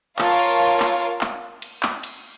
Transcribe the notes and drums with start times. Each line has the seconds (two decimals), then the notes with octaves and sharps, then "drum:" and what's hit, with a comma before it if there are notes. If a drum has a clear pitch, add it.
0.19 F4 A#4 C#5 F5 A5, drum: clap
0.39 drum: cymbal
0.80 drum: clap
1.21 drum: clap
1.62 drum: cymbal
1.83 drum: clap
2.03 drum: cymbal